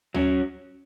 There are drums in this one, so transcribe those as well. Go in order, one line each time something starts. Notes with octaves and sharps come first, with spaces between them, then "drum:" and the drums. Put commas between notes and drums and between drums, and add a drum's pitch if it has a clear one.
F#3 C#4, drum: tom D2